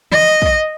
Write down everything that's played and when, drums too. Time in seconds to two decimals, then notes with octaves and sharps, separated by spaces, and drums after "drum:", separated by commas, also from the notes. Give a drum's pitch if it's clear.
0.12 D#5, drum: tom D#3
0.42 drum: kick